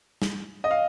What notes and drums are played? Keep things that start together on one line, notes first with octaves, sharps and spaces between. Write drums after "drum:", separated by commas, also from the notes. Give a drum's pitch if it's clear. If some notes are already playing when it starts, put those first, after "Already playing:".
drum: snare
D#5
F5